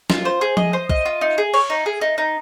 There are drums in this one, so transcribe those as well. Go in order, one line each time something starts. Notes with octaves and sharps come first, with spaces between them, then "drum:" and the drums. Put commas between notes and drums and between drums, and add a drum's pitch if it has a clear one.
F4, drum: snare
C5
G#4
D#5, drum: tom F3
C5
D#5, drum: kick
F4
D#4
G#4
C#5, drum: cymbal
D#4
G#4
D#4
D#4